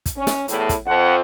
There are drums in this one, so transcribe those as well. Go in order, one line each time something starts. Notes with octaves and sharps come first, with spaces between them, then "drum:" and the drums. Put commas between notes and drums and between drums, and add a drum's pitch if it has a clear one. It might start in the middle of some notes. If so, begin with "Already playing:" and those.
drum: kick, hi-hat
C#4
drum: snare
E2 A2, drum: hi-hat
drum: kick, hi-hat
F2 F#5